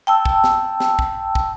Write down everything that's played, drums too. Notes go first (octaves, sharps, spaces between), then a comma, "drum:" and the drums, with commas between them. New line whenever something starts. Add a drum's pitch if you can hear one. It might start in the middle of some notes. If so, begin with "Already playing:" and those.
G5 A5 E6
drum: kick
drum: snare
drum: snare
drum: kick
drum: kick